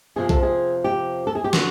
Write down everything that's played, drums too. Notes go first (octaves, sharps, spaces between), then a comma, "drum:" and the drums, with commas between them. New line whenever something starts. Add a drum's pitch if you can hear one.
F2 C3 F3 G#4
A4, drum: kick
G#4
G4
A4
G#4
G4
D3 F#4, drum: snare